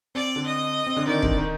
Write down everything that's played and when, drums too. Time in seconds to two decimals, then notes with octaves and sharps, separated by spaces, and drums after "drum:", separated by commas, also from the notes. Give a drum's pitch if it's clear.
0.15 C4 D5
0.36 D3 D4
0.46 D#5
0.87 C4
0.96 D3 D4
1.07 D#3 D#4 D5
1.22 drum: kick
1.38 D#3 D#4